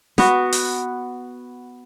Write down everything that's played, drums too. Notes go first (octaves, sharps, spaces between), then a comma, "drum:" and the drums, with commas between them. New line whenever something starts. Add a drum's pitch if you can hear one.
B3 F#4, drum: snare
drum: open hi-hat